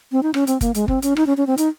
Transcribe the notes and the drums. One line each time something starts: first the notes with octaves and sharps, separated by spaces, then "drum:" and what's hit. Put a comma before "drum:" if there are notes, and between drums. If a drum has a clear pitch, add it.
C4
D#4
C#4, drum: rim click
C4, drum: hi-hat
A#3, drum: kick, hi-hat
G#3, drum: hi-hat
C4, drum: kick
C#4, drum: hi-hat
D#4, drum: rim click
C#4
C#4
C4
D#4, drum: hi-hat